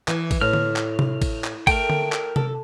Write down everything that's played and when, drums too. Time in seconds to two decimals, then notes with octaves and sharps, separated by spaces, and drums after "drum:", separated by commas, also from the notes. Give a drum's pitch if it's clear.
0.08 E3, drum: clap
0.31 drum: kick G#1, cymbal
0.41 A2 F6
0.53 drum: tom D3
0.76 drum: clap
0.99 drum: tom C3
1.22 drum: kick G#1, cymbal
1.44 drum: clap
1.67 A3 A#4 G5, drum: kick G#1, cymbal
1.90 drum: tom D3
2.12 drum: clap
2.36 A4, drum: tom C3